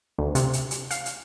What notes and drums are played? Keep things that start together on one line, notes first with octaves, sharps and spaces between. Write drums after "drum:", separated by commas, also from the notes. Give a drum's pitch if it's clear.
D2
C3, drum: hi-hat
drum: hi-hat
drum: hi-hat
F5, drum: hi-hat
drum: hi-hat